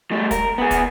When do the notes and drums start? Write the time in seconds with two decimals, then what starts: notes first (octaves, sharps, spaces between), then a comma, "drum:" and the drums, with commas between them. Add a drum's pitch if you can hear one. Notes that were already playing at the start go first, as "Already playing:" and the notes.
0.11 G3 A3
0.31 A#4, drum: kick, hi-hat
0.58 B3 G#4
0.71 drum: kick, hi-hat